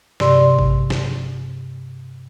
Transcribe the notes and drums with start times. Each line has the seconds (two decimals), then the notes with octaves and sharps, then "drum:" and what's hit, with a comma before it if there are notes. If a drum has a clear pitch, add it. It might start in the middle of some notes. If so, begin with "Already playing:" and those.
0.20 G2 C3 D5 C6, drum: snare
0.59 drum: kick G#1
0.90 drum: snare